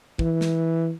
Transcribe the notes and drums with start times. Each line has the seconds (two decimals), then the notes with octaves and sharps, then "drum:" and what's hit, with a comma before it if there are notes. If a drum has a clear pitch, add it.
0.19 E3, drum: kick
0.41 drum: snare